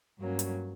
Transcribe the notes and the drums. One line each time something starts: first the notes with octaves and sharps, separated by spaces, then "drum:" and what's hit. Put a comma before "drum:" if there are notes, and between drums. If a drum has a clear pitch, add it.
G2 F#3 A#3 C#4
drum: hi-hat